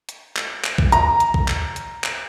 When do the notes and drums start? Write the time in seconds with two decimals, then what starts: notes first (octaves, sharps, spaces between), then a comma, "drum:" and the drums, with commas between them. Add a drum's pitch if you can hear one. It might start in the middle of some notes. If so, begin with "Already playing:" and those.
0.09 drum: hi-hat
0.37 drum: clap
0.64 drum: clap
0.78 drum: kick B1
0.92 A#5, drum: hi-hat
1.20 drum: hi-hat
1.34 drum: kick B1
1.48 drum: clap
1.76 drum: hi-hat
2.04 drum: clap